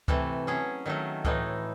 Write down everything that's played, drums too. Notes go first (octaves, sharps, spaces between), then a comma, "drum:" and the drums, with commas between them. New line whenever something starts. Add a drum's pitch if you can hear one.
C3 E3 A3, drum: kick C#2
F#3 C#4 G#4
D#3 F#3 A3
A2 E3 A3 D#4, drum: kick C#2